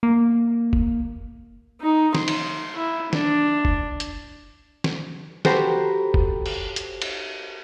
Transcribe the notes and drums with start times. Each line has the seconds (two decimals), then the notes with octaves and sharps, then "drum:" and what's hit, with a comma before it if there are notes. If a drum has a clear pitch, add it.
0.03 A#3
0.73 drum: kick F1
1.81 D#4
2.15 C6, drum: snare
2.28 drum: cymbal
2.76 E4
3.13 D4, drum: snare
3.65 drum: kick F1
4.00 drum: hi-hat
4.84 drum: snare
5.45 F#4 G4 A4 C5 A#5 B5, drum: snare
6.14 drum: kick F1
6.46 drum: cymbal
6.76 drum: hi-hat
7.02 drum: cymbal